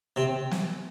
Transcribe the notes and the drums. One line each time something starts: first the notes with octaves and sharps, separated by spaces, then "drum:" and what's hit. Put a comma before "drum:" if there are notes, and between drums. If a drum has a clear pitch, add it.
C3 C4
drum: snare